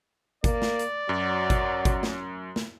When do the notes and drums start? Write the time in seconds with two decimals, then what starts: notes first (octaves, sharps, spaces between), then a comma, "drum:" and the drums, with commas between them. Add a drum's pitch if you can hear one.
0.44 A#3 D5, drum: kick, hi-hat
0.62 drum: snare
0.79 drum: hi-hat
1.09 F#2 F#3
1.50 drum: kick, hi-hat
1.85 drum: kick, hi-hat
2.03 drum: snare
2.56 drum: snare